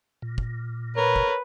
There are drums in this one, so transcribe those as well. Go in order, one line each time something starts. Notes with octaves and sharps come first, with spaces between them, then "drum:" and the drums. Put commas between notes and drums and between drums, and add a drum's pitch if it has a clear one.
A#2
drum: kick
A#4 B4 C#5
drum: kick